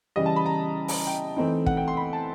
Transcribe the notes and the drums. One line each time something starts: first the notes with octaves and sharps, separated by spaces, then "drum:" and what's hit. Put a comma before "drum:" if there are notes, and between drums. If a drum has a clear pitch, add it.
C#3 E3 G3 D#5
A5
B5
A#5
drum: open hi-hat
G5
E3 A3 C4 D#4
F#5, drum: kick
G5
C6
B5
A5